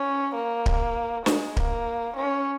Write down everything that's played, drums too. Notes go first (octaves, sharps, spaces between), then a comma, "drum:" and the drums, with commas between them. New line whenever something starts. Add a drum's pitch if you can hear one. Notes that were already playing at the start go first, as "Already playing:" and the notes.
Already playing: C#4
A#3
drum: kick D1
G#3, drum: snare
A#3, drum: kick D1
C#4